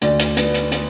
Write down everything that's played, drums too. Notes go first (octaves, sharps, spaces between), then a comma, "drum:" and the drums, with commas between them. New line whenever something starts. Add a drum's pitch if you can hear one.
D2 D5, drum: hi-hat
drum: hi-hat
B3, drum: hi-hat
drum: hi-hat
B3, drum: hi-hat